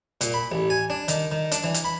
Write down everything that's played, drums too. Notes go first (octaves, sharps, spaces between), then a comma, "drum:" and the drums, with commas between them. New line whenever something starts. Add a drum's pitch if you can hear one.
A#2, drum: hi-hat
B5
A1
G#5
D4
D#3, drum: hi-hat
D#3
D4, drum: hi-hat
E3
drum: hi-hat
B5